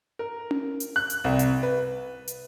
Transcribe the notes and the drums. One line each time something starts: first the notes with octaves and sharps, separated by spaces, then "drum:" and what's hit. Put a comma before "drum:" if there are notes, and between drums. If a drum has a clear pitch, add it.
A#4
drum: tom C#4
drum: hi-hat
F#6
drum: hi-hat
C2
drum: hi-hat
B4
drum: hi-hat